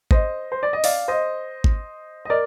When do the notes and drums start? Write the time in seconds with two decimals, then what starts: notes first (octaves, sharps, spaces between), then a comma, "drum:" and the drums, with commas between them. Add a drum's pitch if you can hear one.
0.11 C5 D#5, drum: kick G#1
0.52 C5
0.63 D5
0.73 D#5
0.84 D5 F5, drum: open hi-hat
1.08 C5 D#5
1.64 drum: kick G#1
2.25 D#5
2.30 A#4 D5